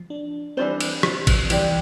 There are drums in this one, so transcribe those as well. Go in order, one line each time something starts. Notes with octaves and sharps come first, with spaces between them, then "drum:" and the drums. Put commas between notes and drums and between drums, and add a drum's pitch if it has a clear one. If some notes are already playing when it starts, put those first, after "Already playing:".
Already playing: F3
D4
E3 G3 C4 D4 F4 C5
drum: cymbal
F3, drum: rim click
drum: kick, cymbal
E3 G3 C4 G4 D5, drum: cymbal